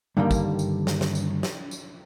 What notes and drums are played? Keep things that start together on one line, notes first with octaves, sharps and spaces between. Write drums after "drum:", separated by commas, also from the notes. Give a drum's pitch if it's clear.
G2 D3 D#3 G3 A#3
drum: kick, tambourine
drum: tambourine
drum: snare
drum: snare
drum: tambourine
drum: snare
drum: tambourine